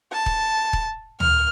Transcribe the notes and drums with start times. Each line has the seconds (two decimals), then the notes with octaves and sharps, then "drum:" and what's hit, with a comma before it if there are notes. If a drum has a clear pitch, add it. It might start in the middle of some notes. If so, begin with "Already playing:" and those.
0.12 A5
0.26 drum: kick
0.73 drum: kick
1.20 F6, drum: tom